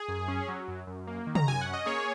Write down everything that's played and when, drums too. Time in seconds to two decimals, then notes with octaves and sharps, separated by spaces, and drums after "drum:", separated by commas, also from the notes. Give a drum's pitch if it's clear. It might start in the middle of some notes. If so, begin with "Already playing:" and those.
Already playing: G#4
0.09 F#2
0.28 C#4
0.48 F#3
0.68 F#2
0.87 F#2
1.07 A#3
1.27 D#3
1.35 A#5, drum: tom
1.48 F#2 G#5
1.61 C#4 F#5
1.74 D#5
1.86 A#3 G#4 C#5